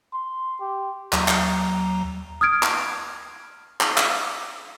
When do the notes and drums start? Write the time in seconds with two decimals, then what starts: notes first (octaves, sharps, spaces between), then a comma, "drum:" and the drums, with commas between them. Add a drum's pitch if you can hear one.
0.13 C6
0.61 G4
1.13 D#2 F#3 A#5, drum: clap
1.28 drum: clap
2.41 D#6 F6 G#6 D7
2.63 drum: clap
3.81 drum: clap
3.98 drum: clap